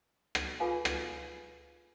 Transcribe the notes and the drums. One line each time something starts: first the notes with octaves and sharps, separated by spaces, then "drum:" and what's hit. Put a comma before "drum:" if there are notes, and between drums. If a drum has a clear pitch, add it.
drum: rim click
F4 G#4 A4 B4 F5 G#5
drum: rim click